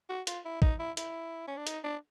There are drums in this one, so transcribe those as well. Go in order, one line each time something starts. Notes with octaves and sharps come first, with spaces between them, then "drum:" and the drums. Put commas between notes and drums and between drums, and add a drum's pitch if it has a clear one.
F#4
F4, drum: hi-hat
E4
D#4, drum: kick
E4
E4, drum: hi-hat
C#4
D4
D#4, drum: hi-hat
D4